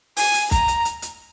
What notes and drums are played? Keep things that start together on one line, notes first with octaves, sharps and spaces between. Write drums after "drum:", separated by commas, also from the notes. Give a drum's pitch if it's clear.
G#5, drum: open hi-hat
drum: hi-hat
A#5, drum: kick, hi-hat
drum: hi-hat
drum: hi-hat
drum: hi-hat